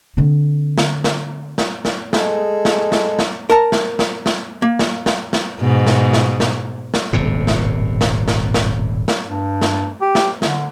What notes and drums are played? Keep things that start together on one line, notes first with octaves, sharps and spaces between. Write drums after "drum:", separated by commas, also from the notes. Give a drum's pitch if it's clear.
D3 C4
drum: snare
drum: snare
drum: snare
drum: snare
G#3 G#4 A4, drum: snare
drum: snare
drum: snare
drum: snare
A#4 A5 A#5
drum: snare
drum: snare
drum: snare
A#3
drum: snare
drum: snare
drum: snare
G#2 B2
drum: snare
drum: snare
drum: snare
drum: snare
D#1 G#1 A2 C3
drum: snare
drum: snare
drum: snare
drum: snare
drum: snare
G2
drum: snare
G4
drum: snare
D3, drum: snare